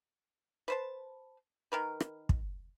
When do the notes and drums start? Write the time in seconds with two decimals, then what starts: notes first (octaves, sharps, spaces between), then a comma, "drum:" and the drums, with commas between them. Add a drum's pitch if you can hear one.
0.68 B4 C5 A5
1.72 D#3 A#4 B4
2.00 drum: rim click
2.29 drum: kick